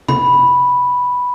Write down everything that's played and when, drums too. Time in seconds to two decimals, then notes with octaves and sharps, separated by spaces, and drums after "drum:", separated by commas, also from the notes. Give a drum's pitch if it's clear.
0.08 B5, drum: tom C3